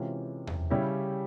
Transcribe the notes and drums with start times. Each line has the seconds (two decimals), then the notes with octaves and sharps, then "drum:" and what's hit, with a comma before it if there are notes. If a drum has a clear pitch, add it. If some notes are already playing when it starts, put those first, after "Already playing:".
Already playing: C3 E3 G#3 C#4 F4
0.47 drum: tom E2
0.70 C#3 G3 C#4 E4 G4